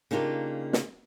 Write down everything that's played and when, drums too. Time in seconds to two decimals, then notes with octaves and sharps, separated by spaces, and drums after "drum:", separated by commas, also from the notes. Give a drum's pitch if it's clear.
0.11 C#3 A#3 D4 D#4 F4 G4
0.73 drum: snare